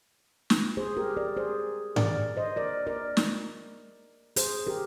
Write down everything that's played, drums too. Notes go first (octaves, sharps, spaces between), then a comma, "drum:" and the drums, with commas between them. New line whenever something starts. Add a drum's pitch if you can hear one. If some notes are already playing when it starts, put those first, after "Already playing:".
drum: snare
G#4 C5
G4 A#4
A#4 D5
G#4 C5
A#4 D5, drum: tom G#2
C5 D#5
A#4 D5
A#4 D5
drum: snare
G#4 C5, drum: hi-hat
G4 A#4